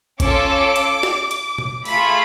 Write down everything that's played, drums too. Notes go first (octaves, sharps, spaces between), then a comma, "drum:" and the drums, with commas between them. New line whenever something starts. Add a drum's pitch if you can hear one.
C#4 F4 A4 D6, drum: kick G#1, hi-hat
drum: hi-hat
drum: snare
drum: hi-hat
drum: tom B2
A3 F4 G#4 B5, drum: open hi-hat